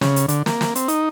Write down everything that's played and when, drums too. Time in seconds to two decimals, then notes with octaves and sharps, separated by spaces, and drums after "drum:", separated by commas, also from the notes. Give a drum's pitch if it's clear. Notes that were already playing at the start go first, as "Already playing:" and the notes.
0.01 C#3, drum: snare
0.16 drum: hi-hat
0.29 D3, drum: hi-hat
0.46 A#3, drum: snare
0.61 drum: snare
0.75 C4, drum: hi-hat
0.88 D#4, drum: hi-hat